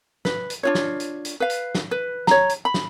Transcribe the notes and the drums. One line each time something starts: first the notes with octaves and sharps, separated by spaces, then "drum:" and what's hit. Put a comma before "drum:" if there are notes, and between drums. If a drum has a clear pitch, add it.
B4, drum: snare
drum: hi-hat
D4 F4 C#5
drum: snare
drum: hi-hat
drum: hi-hat
B4 F5
drum: hi-hat
drum: snare
B4
C#5 A#5, drum: snare
drum: hi-hat
B5
drum: snare